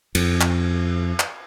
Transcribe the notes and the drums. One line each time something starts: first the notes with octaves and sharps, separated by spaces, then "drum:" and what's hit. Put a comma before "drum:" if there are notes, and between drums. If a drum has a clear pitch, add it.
F2, drum: cymbal
drum: clap
drum: clap